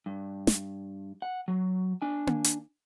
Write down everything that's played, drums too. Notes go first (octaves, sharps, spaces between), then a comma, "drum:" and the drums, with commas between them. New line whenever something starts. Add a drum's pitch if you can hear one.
G2
drum: snare
F#5
F#3
D4 G#5
drum: tom A#3
drum: hi-hat